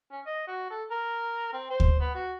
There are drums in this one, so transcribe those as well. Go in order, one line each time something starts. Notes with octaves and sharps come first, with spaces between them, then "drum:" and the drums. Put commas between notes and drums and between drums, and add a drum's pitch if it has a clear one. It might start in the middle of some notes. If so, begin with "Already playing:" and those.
C#4
D#5
F#4
A4
A#4
C4
C5
drum: kick D2
B3
F#4